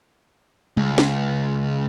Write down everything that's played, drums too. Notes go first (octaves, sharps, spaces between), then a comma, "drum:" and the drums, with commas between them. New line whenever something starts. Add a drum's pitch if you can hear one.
C#2, drum: tom G3
drum: snare